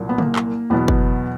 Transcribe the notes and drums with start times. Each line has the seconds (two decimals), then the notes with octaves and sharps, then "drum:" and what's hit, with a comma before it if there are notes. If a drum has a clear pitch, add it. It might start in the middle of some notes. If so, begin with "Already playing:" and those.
Already playing: C2 A#2 F#3
0.09 B3
0.18 A#3, drum: tom
0.36 drum: clap
0.70 E2 B2 F#3 B3
0.88 drum: kick